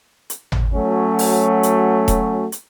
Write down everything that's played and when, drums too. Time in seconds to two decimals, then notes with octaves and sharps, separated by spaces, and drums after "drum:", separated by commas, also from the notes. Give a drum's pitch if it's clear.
0.30 drum: hi-hat
0.52 drum: tom G#1
0.74 F#3 A3 C#4 F#4
1.19 drum: open hi-hat
1.63 drum: hi-hat
2.08 drum: kick E1, hi-hat
2.52 drum: hi-hat